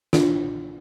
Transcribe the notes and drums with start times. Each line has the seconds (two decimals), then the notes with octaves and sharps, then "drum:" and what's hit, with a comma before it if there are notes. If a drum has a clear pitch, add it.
0.13 D4 F4, drum: snare